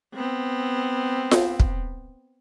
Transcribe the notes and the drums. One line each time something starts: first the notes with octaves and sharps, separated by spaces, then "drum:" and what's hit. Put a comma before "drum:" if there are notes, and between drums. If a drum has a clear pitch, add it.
B3 C4
drum: snare F4
drum: kick